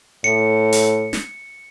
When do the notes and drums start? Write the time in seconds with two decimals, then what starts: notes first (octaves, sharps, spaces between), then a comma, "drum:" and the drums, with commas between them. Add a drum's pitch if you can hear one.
0.24 A2 C#7
0.73 drum: open hi-hat
1.13 drum: snare